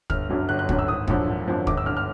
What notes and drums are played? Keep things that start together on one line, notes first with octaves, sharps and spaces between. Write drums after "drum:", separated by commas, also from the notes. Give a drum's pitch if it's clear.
G1 F6, drum: kick
F#2 D3 F#3
G1 F#6
F#6
F#2 D3 F#3, drum: kick
E6
G#1 D#6
F#2 D3 F3, drum: kick
G#1
F#2 D3 F3
G1 D6, drum: kick
E6
D3 F6
F6